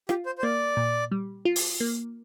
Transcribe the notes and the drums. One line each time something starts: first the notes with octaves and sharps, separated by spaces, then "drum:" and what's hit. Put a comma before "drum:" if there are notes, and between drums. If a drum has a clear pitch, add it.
F4 G4, drum: rim click
C5
C5
A#3 D5
A#2
G3
F4
drum: open hi-hat
A#3